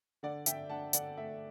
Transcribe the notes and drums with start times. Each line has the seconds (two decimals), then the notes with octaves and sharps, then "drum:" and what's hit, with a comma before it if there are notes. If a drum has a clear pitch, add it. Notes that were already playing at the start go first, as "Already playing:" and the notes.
0.23 D3 D5 F#5
0.46 D3 E5 G5, drum: hi-hat
0.70 D4 F#5 A5
0.93 D3 D5 F#5, drum: hi-hat
1.17 A3 E5